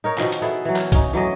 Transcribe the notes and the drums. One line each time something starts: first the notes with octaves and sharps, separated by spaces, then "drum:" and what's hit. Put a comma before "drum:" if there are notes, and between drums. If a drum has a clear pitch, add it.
D#4 A#4 C#5
B2 D#3 F3, drum: clap
drum: hi-hat
B3 E4 G#4 A4
E3 F#3
drum: clap
C#4 D#4, drum: kick, hi-hat
E3 F#3 A3 D#5